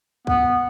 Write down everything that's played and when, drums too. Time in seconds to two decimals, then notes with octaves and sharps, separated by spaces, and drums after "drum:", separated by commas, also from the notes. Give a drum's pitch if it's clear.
0.27 B3, drum: kick